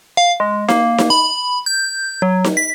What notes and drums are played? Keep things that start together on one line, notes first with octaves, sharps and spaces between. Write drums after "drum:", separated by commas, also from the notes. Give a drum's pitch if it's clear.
F5
G#3
A#3, drum: snare D#4
drum: snare D#4
B5
G6
F#3
drum: snare D#4
B6